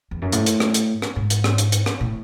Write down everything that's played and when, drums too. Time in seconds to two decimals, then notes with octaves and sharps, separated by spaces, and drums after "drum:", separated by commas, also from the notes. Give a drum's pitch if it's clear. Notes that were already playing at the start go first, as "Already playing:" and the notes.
0.11 E2
0.22 F#2
0.32 A2, drum: hi-hat
0.46 drum: hi-hat
0.60 drum: rim click
0.74 drum: hi-hat
1.02 drum: rim click
1.16 G#2
1.30 drum: hi-hat
1.44 drum: rim click
1.58 drum: hi-hat
1.72 drum: hi-hat
1.86 drum: rim click
2.00 A2